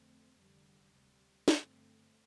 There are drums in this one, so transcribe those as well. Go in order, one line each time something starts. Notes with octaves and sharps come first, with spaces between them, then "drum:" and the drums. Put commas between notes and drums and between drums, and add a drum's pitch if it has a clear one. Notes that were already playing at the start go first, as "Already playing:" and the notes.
Already playing: F2 D3 A3 C4
F1 F2 D3 G3
D2 C3 G3
G2 D3 A3 C4, drum: snare